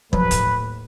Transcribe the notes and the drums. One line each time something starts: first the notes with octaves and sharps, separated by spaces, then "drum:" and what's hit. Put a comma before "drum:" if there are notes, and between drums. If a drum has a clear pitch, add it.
D#2 A2 F3 F#3 B4, drum: kick
drum: kick, hi-hat